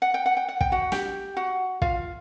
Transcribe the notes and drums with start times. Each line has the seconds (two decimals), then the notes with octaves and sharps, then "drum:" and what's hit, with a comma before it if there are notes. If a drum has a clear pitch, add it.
0.02 F#5
0.14 G5
0.26 F#5
0.37 G5
0.49 F#5
0.61 G5, drum: kick
0.72 F#4 F#5
0.92 G4 G5, drum: snare
1.37 F#4 F#5
1.82 F4 F5, drum: kick